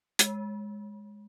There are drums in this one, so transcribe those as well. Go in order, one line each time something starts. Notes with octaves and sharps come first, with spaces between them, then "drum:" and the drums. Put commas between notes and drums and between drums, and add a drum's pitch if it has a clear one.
G#3, drum: hi-hat